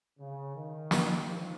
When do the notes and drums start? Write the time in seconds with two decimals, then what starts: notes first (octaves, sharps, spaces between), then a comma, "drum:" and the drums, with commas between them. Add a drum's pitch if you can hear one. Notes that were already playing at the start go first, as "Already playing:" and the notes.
0.19 C#3
0.55 D#3
0.91 drum: snare
1.25 F3